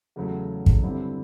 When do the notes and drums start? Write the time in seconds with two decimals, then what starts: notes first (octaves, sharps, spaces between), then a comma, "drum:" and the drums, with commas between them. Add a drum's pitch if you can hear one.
0.16 E2 C#3 F#3 A3
0.66 drum: kick
0.83 G2 D3 G3 C4 E4